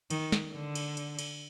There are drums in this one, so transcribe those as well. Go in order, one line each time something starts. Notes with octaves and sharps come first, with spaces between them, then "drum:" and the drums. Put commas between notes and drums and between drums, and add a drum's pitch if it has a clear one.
D#3, drum: cymbal
drum: snare
D3
drum: cymbal
drum: cymbal
drum: cymbal